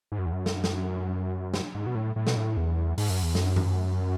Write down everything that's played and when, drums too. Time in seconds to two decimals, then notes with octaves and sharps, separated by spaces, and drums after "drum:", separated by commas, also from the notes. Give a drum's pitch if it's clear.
0.12 G#2
0.18 F#2
0.26 E2
0.33 F#2
0.46 drum: snare
0.64 drum: snare
1.54 drum: snare
1.75 G#2
1.87 B2
1.95 A2
2.16 A2
2.27 B2, drum: snare
2.36 A2
2.57 E2
2.98 G#2, drum: open hi-hat
3.10 F#2
3.23 E2
3.35 F#2, drum: snare
3.56 drum: tom G2